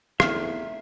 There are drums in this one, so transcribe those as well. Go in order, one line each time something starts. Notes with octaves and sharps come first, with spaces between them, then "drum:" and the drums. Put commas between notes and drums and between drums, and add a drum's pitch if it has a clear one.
E2 A3 C4 D#4 E5 F5, drum: rim click